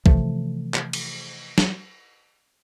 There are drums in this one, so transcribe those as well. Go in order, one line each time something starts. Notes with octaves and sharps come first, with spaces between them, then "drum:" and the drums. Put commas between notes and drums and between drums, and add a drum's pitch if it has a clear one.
C3 E3 F3 A3, drum: kick
drum: clap
drum: cymbal
drum: snare